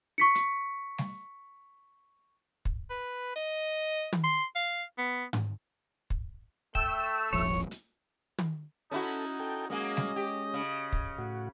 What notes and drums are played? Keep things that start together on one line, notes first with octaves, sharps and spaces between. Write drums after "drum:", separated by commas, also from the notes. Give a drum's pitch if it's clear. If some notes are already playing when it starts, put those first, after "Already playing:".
C#6 B6 C#7
drum: hi-hat
drum: snare G3
drum: kick
B4
D#5
drum: tom
C6
F5
B3
drum: tom G#2
drum: kick
A3 G5 E6, drum: kick
D#1 G#1 F3 C#5
drum: hi-hat
drum: tom
C#4 D#4 E4 F#4 A4
A4 G5
F#3 G#3 A#3 C#4 G#4 D#5
drum: snare G3
G4
C#3
drum: kick
A2 F#4